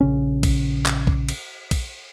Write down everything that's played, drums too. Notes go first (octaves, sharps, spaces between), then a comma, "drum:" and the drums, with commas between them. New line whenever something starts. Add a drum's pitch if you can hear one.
A#1 C#3 C#4
drum: kick, cymbal
drum: clap
drum: kick
drum: cymbal
drum: kick, cymbal